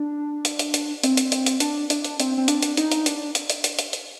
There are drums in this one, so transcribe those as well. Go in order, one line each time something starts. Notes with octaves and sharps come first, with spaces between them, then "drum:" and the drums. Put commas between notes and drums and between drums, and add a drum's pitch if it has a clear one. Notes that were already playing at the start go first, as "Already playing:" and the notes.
Already playing: D4
drum: hi-hat
drum: hi-hat
drum: hi-hat
C4, drum: hi-hat
drum: hi-hat
drum: hi-hat
drum: hi-hat
D4, drum: hi-hat
D4, drum: hi-hat
drum: hi-hat
C4, drum: hi-hat
C4
D4, drum: hi-hat
drum: hi-hat
D#4, drum: hi-hat
drum: hi-hat
D4, drum: hi-hat
drum: hi-hat
drum: hi-hat
drum: hi-hat
drum: hi-hat
drum: hi-hat